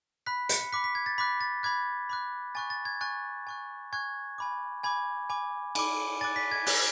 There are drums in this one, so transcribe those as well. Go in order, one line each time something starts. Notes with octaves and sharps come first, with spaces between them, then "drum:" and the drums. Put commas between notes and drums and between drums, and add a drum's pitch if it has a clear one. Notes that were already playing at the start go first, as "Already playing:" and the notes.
B5 F#6 B6
C#7, drum: hi-hat
B5 D6 F#6 B6
B6
G#6
A6
B5 D6 F#6 B6
A6
B5 D6 F#6 G#6
B5 D6 F#6
G#5 C#6 F#6 A6
A6
G#6
G#5 C#6 F#6 A6
G#5 C#6 F#6
G#5 C#6 F#6 G#6
G#5 B5 D6
G#5 B5 D6 G#6
G#5 B5 D6
G#5 B5 D6, drum: cymbal
G#5 D6 F#6 A6
B6
G#6
G#5 D6 F#6, drum: open hi-hat